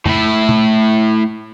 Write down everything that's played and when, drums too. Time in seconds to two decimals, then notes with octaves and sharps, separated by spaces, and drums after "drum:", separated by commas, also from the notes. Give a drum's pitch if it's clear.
0.06 A2 E4, drum: tom F2
0.49 drum: tom A#2